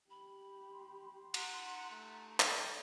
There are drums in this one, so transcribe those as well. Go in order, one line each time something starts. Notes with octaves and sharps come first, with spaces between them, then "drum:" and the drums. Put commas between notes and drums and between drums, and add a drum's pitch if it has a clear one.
G4 B5
C6
F#5 A#5, drum: cymbal
A3
A4 D5 G5, drum: clap